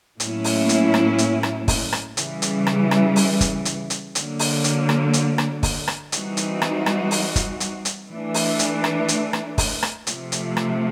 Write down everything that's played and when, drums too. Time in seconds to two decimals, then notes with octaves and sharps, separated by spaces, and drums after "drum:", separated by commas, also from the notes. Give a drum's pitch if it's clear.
0.20 A2 F#3 A#3 C#4 E4, drum: hi-hat
0.44 drum: open hi-hat
0.69 drum: hi-hat
0.94 drum: rim click
1.18 drum: hi-hat
1.43 drum: rim click
1.68 drum: kick, open hi-hat
1.92 drum: rim click
2.17 C#3 E3 G3, drum: hi-hat
2.42 drum: hi-hat
2.67 drum: rim click
2.91 drum: rim click
3.16 drum: open hi-hat
3.41 drum: kick, hi-hat
3.65 drum: hi-hat
3.90 drum: hi-hat
4.15 D3 F#3 A#3, drum: hi-hat
4.39 drum: open hi-hat
4.64 drum: hi-hat
4.89 drum: rim click
5.13 drum: hi-hat
5.38 drum: rim click
5.63 drum: kick, open hi-hat
5.88 drum: rim click
6.12 E3 G3 C4 D#4 F#4, drum: hi-hat
6.37 drum: hi-hat
6.62 drum: rim click
6.86 drum: rim click
7.11 drum: open hi-hat
7.36 drum: kick, hi-hat
7.60 drum: hi-hat
7.85 drum: hi-hat
8.10 E3 A3 D4
8.34 drum: open hi-hat
8.59 drum: hi-hat
8.84 drum: rim click
9.08 drum: hi-hat
9.33 drum: rim click
9.58 drum: kick, open hi-hat
9.83 drum: rim click
10.07 C3 F3 A3, drum: hi-hat
10.32 drum: hi-hat
10.57 drum: rim click